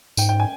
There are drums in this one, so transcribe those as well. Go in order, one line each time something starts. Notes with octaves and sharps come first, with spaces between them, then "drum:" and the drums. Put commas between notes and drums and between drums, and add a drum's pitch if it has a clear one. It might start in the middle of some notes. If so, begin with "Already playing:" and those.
G#2 G5, drum: tambourine
G5
G#5